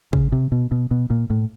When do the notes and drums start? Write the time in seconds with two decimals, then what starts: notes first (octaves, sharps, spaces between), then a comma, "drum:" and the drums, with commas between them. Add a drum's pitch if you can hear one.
0.13 C#3, drum: kick
0.32 C3
0.52 B2
0.71 B2
0.91 B2
1.10 A#2
1.30 A2